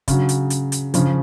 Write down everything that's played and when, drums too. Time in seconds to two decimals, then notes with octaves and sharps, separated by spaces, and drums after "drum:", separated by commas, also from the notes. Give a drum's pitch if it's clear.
0.08 C#3 F#3, drum: kick, hi-hat
0.29 drum: hi-hat
0.50 drum: hi-hat
0.72 drum: hi-hat
0.94 C#3 F3, drum: hi-hat